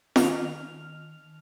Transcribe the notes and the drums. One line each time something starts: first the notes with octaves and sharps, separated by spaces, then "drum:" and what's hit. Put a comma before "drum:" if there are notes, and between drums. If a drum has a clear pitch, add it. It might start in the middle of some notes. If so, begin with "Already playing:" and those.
D#3 F6 F7, drum: snare F4